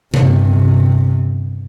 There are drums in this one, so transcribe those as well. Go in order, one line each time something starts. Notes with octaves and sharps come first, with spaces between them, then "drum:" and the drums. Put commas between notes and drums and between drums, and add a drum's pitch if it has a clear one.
G1 C3, drum: tom C3